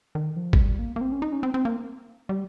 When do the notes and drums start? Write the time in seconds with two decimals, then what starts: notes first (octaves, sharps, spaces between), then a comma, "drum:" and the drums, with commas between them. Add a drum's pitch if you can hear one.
0.15 D#3
0.36 F3
0.53 G#3, drum: kick
0.58 G3
0.79 A#3
0.96 A#3
1.01 C4
1.12 C#4
1.22 D#4
1.32 C#4
1.43 C4
1.54 C4
1.65 A#3
2.29 G3